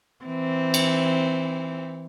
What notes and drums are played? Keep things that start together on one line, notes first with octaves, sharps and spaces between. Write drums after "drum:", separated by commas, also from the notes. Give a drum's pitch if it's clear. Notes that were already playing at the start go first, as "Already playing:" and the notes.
E3 C4
drum: cymbal